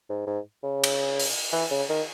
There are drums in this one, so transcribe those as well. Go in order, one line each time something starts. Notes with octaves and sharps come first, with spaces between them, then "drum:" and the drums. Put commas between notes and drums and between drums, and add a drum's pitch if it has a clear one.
G#2
G#2
C#3
drum: cymbal
drum: open hi-hat
E3
C#3
D#3